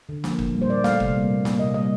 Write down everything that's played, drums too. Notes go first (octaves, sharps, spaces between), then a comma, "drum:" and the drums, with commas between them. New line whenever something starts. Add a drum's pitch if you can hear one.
D3
F3 A#3, drum: snare
A#2, drum: kick
G3 A#3
C5
A#2 D5
A3 F5, drum: snare
C3, drum: kick
G3 A#3
A#2
G3 A#3, drum: snare
C3 D#5
G3 A#3 D#5